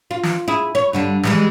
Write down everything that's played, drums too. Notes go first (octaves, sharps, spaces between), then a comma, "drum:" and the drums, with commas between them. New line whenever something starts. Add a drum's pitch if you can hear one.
F4
drum: snare
E4 G#4
C#5
G2 D3 G3
E3 G3 G#3, drum: snare